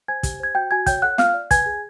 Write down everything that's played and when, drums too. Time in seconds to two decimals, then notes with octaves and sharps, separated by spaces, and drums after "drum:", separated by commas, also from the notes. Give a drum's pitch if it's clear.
0.08 C5 G#5 G#6
0.23 G4, drum: kick, hi-hat
0.40 C5 G#6
0.55 F#4 G5 G6
0.71 F#4 G#5 G#6
0.86 C#5 G5 G6, drum: kick, hi-hat
1.02 A4 F#5 F#6
1.18 F4 F5 F6, drum: snare
1.34 D5
1.51 B4 G#5 G#6, drum: kick, hi-hat
1.66 G#4